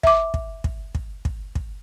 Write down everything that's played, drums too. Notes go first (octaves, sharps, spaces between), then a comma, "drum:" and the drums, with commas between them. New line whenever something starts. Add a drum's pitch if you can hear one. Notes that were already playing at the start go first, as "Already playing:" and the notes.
E5 D6, drum: kick
drum: kick
drum: kick
drum: kick
drum: kick
drum: kick